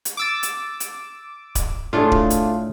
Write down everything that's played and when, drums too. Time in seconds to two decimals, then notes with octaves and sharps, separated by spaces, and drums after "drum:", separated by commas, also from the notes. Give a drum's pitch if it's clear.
0.05 drum: hi-hat
0.17 D6 E6 A6
0.43 drum: hi-hat
0.80 drum: hi-hat
1.55 drum: kick D1, hi-hat
1.93 A2 A3 D4 F4 G#4
2.12 drum: kick D1
2.30 drum: hi-hat